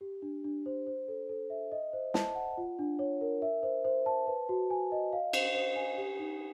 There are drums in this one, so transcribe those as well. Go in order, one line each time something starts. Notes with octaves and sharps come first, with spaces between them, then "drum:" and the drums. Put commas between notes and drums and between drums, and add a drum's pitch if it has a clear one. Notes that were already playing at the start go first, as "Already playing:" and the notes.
G4
D4
D4
C5
C5
A4
A4
E5
D#5
C5
A5, drum: snare
F#5
F4
D4
C#5
A#4
E5
C5
C5
A5
B4
F#4
G#5
D#5
F5
C5, drum: cymbal
C5
G#5
G4
D#4